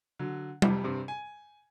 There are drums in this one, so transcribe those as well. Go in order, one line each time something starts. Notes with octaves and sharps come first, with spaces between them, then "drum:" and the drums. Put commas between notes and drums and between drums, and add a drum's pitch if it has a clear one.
D3 F#3
F2 C3 G3, drum: tom G3
G2 C3 C4
G#5